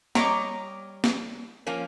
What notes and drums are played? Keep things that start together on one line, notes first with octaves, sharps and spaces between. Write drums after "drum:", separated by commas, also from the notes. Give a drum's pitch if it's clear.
G3 C#5 D#5 A#5 C#6 D6, drum: snare
drum: snare
F3 A#3 C#4